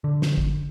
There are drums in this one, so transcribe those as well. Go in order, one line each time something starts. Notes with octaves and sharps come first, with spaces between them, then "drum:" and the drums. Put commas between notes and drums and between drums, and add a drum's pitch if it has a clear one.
D3
drum: snare
drum: kick